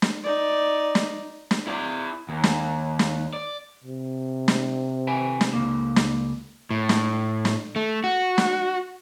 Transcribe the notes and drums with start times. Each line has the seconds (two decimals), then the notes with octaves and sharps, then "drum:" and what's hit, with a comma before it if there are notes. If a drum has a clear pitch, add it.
0.02 drum: snare
0.24 D#4 D5
0.95 drum: snare
1.51 drum: snare
1.67 E4 D5
2.29 D#2
2.43 drum: snare
2.99 drum: snare
3.33 D5
3.84 C3
4.48 drum: snare
5.07 B4 G5 G#5
5.41 drum: snare
5.53 C#2 A#3
5.96 drum: snare
6.71 A2
6.89 drum: snare
7.45 drum: snare
7.76 A3
8.04 F#4
8.38 drum: snare